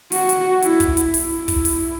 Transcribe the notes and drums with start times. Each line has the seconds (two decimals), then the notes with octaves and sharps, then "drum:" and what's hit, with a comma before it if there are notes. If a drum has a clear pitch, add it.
0.12 F#4, drum: open hi-hat
0.29 drum: hi-hat
0.62 E4, drum: hi-hat
0.80 drum: kick, hi-hat
0.97 drum: hi-hat
1.14 E4, drum: open hi-hat
1.48 drum: kick, open hi-hat
1.65 drum: open hi-hat